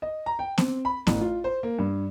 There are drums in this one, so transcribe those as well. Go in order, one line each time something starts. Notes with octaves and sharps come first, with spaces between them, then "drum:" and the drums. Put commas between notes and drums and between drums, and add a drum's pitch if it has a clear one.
D#5
A#5
G5
C4, drum: snare B3
B5
A1, drum: snare B3
F4
C5
A#3
G2